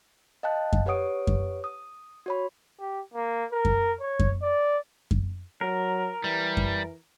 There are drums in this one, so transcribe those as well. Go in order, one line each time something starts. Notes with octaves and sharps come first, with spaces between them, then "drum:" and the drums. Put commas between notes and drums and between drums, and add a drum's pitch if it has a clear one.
D#5 F5 G5 A5 F#6
drum: kick F#2
G4 B4 C#5 F#5 D#6 D7
drum: kick F#2
D#6
F#4 C#5 B5
G4
A#3
A#4
drum: kick F#2
C#5
drum: kick F#2
D5
drum: kick F#2
F#3 A#4
E3 G3
drum: kick F#2